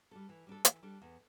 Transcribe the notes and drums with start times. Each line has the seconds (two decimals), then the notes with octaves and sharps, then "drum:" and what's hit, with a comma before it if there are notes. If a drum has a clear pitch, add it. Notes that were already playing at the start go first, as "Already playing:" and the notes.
0.11 G3 D4 A4
0.29 E3
0.47 G3 D4 A4
0.65 E3, drum: hi-hat
0.83 G3 D4 A4
1.02 E2